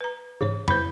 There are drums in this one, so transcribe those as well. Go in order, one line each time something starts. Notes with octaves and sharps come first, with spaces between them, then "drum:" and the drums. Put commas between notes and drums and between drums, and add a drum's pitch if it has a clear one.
B4 A#5
G#2 C#3 E3 C5 C#5
E4 B4 C5 B5 G6, drum: tom F2